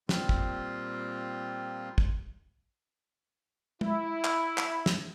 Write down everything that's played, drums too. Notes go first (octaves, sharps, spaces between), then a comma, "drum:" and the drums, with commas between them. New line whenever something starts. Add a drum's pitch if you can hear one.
A#2 G3 C4 F4, drum: snare
drum: kick
drum: kick
E4, drum: tom G#3
drum: clap
drum: clap
drum: snare